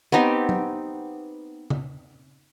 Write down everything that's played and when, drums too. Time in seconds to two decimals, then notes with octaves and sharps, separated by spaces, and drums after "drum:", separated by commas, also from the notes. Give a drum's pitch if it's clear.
0.12 B3 C4 D#4 G4
0.49 drum: tom F#3
1.70 drum: tom C#3